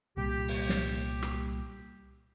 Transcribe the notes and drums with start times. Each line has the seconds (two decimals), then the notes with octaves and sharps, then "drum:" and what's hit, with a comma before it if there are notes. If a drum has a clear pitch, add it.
0.17 C2 A#2 G3 G4
0.48 drum: open hi-hat
0.69 drum: snare
1.22 drum: rim click